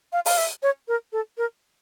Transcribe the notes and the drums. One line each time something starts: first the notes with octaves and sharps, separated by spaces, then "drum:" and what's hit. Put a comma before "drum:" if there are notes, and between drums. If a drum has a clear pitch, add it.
F5
F5, drum: open hi-hat
E5
C#5
A#4
A4
A#4